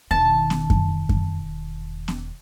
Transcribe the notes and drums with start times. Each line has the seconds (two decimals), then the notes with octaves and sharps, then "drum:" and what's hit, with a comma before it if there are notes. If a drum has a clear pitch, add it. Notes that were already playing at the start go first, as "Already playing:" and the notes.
0.11 E1 D#3 A5
0.50 drum: snare B3
0.70 drum: kick F#2
1.09 drum: kick F#2
2.08 drum: snare B3